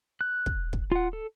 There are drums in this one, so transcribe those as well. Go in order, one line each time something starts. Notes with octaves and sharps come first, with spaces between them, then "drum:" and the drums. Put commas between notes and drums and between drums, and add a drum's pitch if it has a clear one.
F#6
drum: kick
drum: kick
F4 F#5
A4